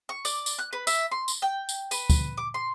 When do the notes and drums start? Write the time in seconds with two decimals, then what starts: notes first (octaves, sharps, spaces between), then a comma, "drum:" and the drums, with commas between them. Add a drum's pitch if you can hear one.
0.09 C#6
0.25 D5, drum: tambourine
0.46 drum: tambourine
0.59 F#6
0.73 B4
0.87 E5, drum: tambourine
1.11 C6
1.28 drum: tambourine
1.42 G5
1.69 drum: tambourine
1.91 B4, drum: tambourine
2.10 drum: kick D2, tambourine
2.37 D6
2.54 C6